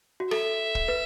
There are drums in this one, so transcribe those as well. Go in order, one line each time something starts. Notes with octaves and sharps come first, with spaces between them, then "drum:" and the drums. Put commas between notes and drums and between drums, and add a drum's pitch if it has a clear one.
F#4
A4 E5, drum: rim click
drum: kick
B4